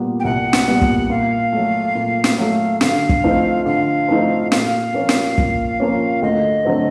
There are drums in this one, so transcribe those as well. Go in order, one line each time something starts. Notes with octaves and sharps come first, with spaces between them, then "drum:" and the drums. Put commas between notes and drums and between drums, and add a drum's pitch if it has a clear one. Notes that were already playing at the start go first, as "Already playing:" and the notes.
Already playing: A#2 G3 B3
G5
C2 F#5
drum: snare
A#2 G3 B3
drum: kick
A#2 F5
F#3 A3
A#2
drum: snare
F#3 A3
D3 F5, drum: snare
drum: kick
F3 A3 C4 D#4
D3 F5
F3 A3 C4 D#4
A#2 F5, drum: snare
F3 A#3 C#4
drum: snare
A#2, drum: kick
F3 A#3 C#4
D2 D#5
D3 F#3 A3 C4